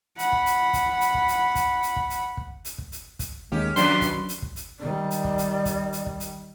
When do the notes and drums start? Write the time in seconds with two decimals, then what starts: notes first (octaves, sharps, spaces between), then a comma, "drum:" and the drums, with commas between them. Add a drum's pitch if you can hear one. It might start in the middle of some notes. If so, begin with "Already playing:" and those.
0.19 F#5 B5, drum: hi-hat
0.32 drum: kick
0.46 drum: hi-hat
0.73 drum: kick, hi-hat
1.01 drum: hi-hat
1.14 drum: kick
1.28 drum: hi-hat
1.55 drum: kick, hi-hat
1.83 drum: hi-hat
1.96 drum: kick
2.10 drum: hi-hat
2.37 drum: kick
2.65 drum: hi-hat
2.78 drum: kick
2.92 drum: hi-hat
3.19 drum: kick, hi-hat
3.52 D#2 D#3 G#3 A#3 C#4 G4
3.76 F2 D#3 F#3 D4 G4 B4 C6, drum: hi-hat
4.01 drum: kick, hi-hat
4.29 drum: hi-hat
4.42 drum: kick
4.56 drum: hi-hat
4.80 D#3 G3 D5
5.11 drum: hi-hat
5.24 drum: kick
5.38 drum: hi-hat
5.65 drum: kick, hi-hat
5.93 drum: hi-hat
6.06 drum: kick
6.20 drum: hi-hat